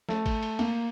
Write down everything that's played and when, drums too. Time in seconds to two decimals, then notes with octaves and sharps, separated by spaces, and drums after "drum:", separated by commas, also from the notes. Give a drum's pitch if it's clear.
0.09 A3, drum: snare
0.26 drum: kick G#1, cymbal
0.43 drum: cymbal
0.59 A#3, drum: cymbal